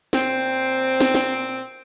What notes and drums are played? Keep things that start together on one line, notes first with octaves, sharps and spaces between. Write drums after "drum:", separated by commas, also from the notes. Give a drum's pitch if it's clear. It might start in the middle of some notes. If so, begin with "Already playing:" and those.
A#2 C4, drum: snare
drum: snare
drum: snare